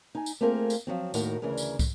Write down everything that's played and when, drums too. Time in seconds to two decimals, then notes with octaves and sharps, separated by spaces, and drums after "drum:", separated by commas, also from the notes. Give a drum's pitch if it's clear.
0.15 D#4 G#5
0.26 drum: tambourine
0.41 A3 A#3 C4 F4 G#4 A#4
0.70 drum: tambourine
0.87 F3 F#3 C4
1.14 D#2 A2 D#3 F#4 A#4 A#5, drum: tambourine
1.42 D2 C#3 E3 G#4 A#4
1.58 drum: tambourine
1.79 drum: kick, tambourine